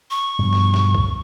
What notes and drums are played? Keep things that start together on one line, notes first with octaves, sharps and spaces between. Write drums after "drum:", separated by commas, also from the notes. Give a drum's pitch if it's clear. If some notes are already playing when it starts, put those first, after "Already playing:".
C#6
G2 B2 F3
drum: snare
drum: snare
drum: kick C#2